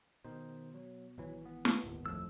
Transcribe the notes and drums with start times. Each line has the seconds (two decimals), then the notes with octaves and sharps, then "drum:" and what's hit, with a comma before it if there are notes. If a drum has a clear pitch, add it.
0.25 B2 D#3 D#4 C5
0.74 F#3
1.18 G#1 E3 F#3
1.45 B3
1.65 drum: snare
1.84 D1 G1 D#2
2.06 C2 F2 A2 F3 E6